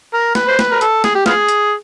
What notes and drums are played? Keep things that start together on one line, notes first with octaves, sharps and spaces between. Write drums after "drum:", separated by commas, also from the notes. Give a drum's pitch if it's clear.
A#4
B4, drum: snare
C5
B4, drum: snare
A#4
A4, drum: hi-hat
G#4, drum: snare
G4
B3 F4 G#4, drum: snare
drum: hi-hat